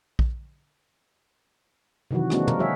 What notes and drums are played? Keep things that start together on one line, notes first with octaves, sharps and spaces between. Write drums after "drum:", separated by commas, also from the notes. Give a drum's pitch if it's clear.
drum: kick A#1
C3 D#3 E3 F#3 F#4
G#3 A#3 C4 D4 F#4, drum: rim click
A#4, drum: tom
F#3 G#3 F#4 G#4 C#5 E5